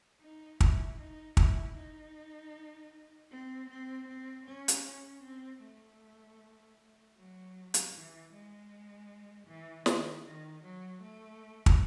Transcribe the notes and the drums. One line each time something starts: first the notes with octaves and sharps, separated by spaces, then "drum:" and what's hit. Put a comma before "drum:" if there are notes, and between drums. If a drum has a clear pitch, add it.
D#4
E4, drum: kick
D#4
E4, drum: kick
D#4
C4
C4
C4
C#4
drum: hi-hat
C#4
C4
A3
F#3
drum: hi-hat
E3
G#3
E3
D#3, drum: snare
D#3
F#3
A3
drum: kick